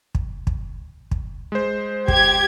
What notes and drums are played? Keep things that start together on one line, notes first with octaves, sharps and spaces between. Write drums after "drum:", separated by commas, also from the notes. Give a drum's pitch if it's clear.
drum: kick
drum: kick
drum: kick
G#3 C5
G4 G#6, drum: kick